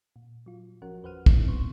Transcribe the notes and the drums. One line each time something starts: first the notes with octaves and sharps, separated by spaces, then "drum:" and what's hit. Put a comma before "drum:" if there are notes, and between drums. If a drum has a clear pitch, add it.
A#2
F#3 F4
G1 F3 C#4 F#4 A#4 F#5
E2 B4 C5 F#5 F6 D#7
B3 C4 D#4 E4, drum: kick
B1 A#2 B3 C6 C#6